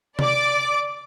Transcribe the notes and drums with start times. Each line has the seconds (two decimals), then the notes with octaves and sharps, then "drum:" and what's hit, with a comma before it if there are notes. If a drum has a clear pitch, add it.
0.19 D5 D6, drum: tom C3